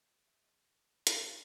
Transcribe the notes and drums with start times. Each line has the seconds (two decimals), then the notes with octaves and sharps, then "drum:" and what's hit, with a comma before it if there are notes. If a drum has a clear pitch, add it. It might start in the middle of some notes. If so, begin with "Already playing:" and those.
Already playing: G#3 C#5
0.26 E5
0.33 G#3 D#5
1.07 drum: hi-hat